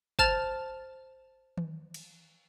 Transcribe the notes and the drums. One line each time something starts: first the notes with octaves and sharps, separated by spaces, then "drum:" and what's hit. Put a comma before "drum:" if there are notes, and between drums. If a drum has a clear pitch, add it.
C5 A5 F6 A6 F7, drum: kick
drum: tom D#3
drum: cymbal